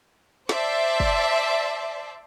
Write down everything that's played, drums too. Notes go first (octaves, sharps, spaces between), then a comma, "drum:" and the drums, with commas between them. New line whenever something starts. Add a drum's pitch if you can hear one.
C5 D5 E5 A5, drum: snare
drum: kick